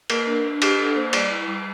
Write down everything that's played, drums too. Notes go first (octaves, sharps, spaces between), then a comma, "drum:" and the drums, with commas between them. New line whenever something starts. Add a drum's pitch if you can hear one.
A#3 A#4, drum: cymbal
D4
D4
D4 G4, drum: cymbal
D4 A4
A#3 C5
G3 D5, drum: cymbal
E4
G3